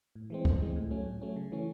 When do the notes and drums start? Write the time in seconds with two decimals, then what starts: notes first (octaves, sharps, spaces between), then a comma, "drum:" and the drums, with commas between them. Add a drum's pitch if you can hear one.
0.16 A2
0.30 E3 G#3 C4
0.45 A2, drum: kick C#2
0.60 E3 G#3 C4
0.76 A2
0.90 F#3 A3 C#4
1.06 A2
1.21 F#3 A3 C#4
1.36 C#3
1.52 E3 A3 C#4